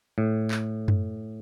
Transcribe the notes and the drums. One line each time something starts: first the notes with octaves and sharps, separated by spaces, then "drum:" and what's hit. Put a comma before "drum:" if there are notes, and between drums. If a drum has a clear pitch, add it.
A2
drum: clap
drum: tom F#2